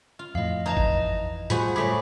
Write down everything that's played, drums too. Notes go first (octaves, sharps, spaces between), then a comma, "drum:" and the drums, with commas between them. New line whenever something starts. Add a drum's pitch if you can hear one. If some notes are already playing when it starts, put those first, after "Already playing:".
F4
F2 A2 D#5 F5
E3 D#4 D#5 A5 A#5
drum: kick G#1
A2 G3 F4 F#4 G#4 C5 G#5 B5, drum: hi-hat
F#3 A3 G#4 B5 D6 B6